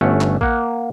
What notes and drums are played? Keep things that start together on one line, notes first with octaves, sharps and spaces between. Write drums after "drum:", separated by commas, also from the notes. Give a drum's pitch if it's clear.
G1 A3 C#4 F#5
drum: clap
A#3 F#5, drum: kick A1